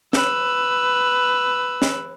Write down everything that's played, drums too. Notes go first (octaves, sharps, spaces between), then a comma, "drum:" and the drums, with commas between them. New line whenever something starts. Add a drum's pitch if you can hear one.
B4 E6, drum: snare
drum: snare